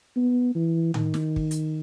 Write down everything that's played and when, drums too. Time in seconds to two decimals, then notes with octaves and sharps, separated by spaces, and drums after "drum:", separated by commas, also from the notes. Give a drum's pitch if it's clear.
0.16 B3
0.55 E3
0.94 D#3, drum: tom A2
1.14 drum: snare
1.36 drum: kick
1.51 drum: hi-hat